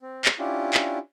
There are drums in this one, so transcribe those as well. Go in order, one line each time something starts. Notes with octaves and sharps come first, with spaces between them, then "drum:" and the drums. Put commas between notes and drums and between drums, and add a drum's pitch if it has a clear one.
C4
drum: clap
C#4 D4 E4 F4 G4
drum: clap